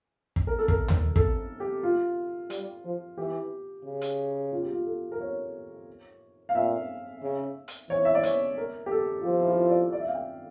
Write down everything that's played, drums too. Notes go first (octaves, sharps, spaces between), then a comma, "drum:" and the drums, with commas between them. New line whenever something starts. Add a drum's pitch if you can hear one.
drum: kick
A#4
A4
A#4, drum: kick
drum: tom D#2
A4, drum: kick
G4
F4
G3, drum: hi-hat
F3
E3 G4
C#3
drum: hi-hat
F4
G4
F4
A4
A#4
C#5
F5
A#2 E5
C#3
drum: hi-hat
E3 C#5
E5
D5
C#5, drum: hi-hat
A#4
G4
A4
F4
F3 G4
E4
F4
D5
D5
E5
F5
G5